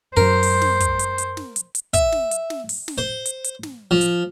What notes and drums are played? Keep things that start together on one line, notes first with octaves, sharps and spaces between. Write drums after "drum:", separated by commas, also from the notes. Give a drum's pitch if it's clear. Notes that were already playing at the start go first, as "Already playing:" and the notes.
F#2 F#3 A#4 C5
drum: open hi-hat
drum: snare
drum: kick, hi-hat
drum: hi-hat
drum: hi-hat
drum: snare
drum: hi-hat
drum: hi-hat
E5, drum: kick, hi-hat
drum: snare
drum: hi-hat
drum: snare
drum: open hi-hat
drum: snare
C5
drum: hi-hat
drum: hi-hat
drum: snare
F3
drum: hi-hat